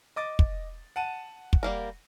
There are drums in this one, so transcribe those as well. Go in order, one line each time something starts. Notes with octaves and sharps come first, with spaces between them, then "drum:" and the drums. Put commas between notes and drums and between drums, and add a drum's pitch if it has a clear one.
D#5 D6 A6
drum: kick
F#5 A5 D#7
drum: kick
G3 A#3 A#4